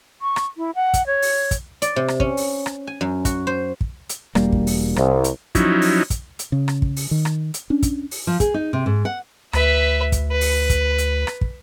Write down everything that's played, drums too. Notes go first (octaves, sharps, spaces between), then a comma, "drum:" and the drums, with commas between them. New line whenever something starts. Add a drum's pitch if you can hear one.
C#6
drum: rim click
E4
F#5
drum: kick, hi-hat
C#5
drum: open hi-hat
drum: kick, hi-hat
D5, drum: hi-hat
C3
drum: rim click
C#4, drum: kick
drum: open hi-hat
drum: rim click
G#5
F#2
F#4, drum: kick, hi-hat
C5
drum: kick
drum: hi-hat
E1 G3 A#3, drum: rim click
drum: kick
drum: open hi-hat
C2, drum: rim click
drum: hi-hat
F3 F#3 C#4 D#4 E4, drum: kick, hi-hat
drum: open hi-hat
drum: kick, hi-hat
drum: hi-hat
C#3
drum: rim click
drum: kick
drum: open hi-hat
D#3
drum: rim click
drum: hi-hat
C#4 D4
drum: kick, hi-hat
drum: open hi-hat
F3
G#4, drum: kick, hi-hat
D#4
C3
G#2
F#5
D2 B4 E5, drum: rim click
drum: kick, hi-hat
B4
drum: open hi-hat
drum: kick, hi-hat
drum: hi-hat
drum: rim click
drum: kick